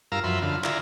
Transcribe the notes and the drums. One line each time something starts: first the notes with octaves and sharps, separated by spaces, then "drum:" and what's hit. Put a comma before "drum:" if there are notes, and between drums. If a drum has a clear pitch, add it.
G2 F4 A#4 F5 A#5 E6
F#2 F3 E5 B5 C6
D3 F4
E4 F4 D5 A#5, drum: clap